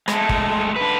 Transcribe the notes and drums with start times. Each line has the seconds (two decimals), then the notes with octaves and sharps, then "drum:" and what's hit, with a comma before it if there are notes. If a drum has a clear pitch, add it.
0.08 G#3 A3, drum: rim click
0.29 drum: kick
0.76 D3 B4